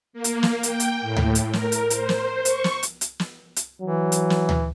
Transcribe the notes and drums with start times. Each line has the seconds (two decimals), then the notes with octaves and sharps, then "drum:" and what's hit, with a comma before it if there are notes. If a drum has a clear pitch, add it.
0.13 A#3
0.24 drum: hi-hat
0.43 drum: snare
0.63 G5, drum: hi-hat
0.80 drum: hi-hat
1.01 A2
1.17 drum: tom D2
1.35 drum: hi-hat
1.53 A#4, drum: snare
1.72 drum: hi-hat
1.90 C5, drum: hi-hat
2.09 drum: snare
2.45 C#6, drum: hi-hat
2.64 drum: snare
2.83 drum: hi-hat
3.01 drum: hi-hat
3.20 drum: snare
3.56 drum: hi-hat
3.81 E3 F#3
4.12 drum: hi-hat
4.30 drum: snare
4.49 drum: tom D2